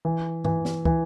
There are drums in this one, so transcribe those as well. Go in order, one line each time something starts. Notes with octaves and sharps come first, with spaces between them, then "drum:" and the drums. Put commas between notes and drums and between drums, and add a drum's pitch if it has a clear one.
E3
E3, drum: tom G2
drum: snare
E3, drum: kick